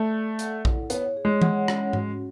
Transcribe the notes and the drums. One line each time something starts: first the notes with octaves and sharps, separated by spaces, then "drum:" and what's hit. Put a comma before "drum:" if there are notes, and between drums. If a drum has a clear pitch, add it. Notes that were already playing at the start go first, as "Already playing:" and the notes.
Already playing: A3 D5
A4
F#5, drum: hi-hat
E4, drum: kick A#1
B3 C#5, drum: hi-hat
G#4
G#3
F#5, drum: tom E3
C#4, drum: rim click
F#4, drum: tom G#2